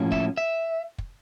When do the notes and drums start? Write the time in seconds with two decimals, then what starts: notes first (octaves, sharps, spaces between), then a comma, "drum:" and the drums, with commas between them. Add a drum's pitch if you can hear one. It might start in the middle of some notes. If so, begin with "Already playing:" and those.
Already playing: A2 F3 A#3 C#4
0.12 E5, drum: kick
0.37 E5
0.98 drum: kick